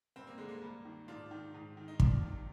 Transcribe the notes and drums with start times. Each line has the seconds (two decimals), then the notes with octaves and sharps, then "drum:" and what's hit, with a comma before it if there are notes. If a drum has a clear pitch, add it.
0.16 G2 C4
0.27 A#3
0.38 D3 G#3
0.49 A#3
0.62 G2
0.85 D#3
1.08 G#2 D4 F4
1.31 D#3
1.54 G#2
1.77 D#3
1.88 D#4
2.00 F2 D4 F4, drum: kick
2.23 C3 D#3